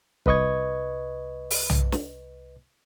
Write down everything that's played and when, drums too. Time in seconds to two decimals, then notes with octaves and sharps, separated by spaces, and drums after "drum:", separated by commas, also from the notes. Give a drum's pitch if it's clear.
0.26 C2 B4 D#5 C#6 G#6, drum: kick
1.50 drum: open hi-hat
1.70 drum: tom
1.92 drum: snare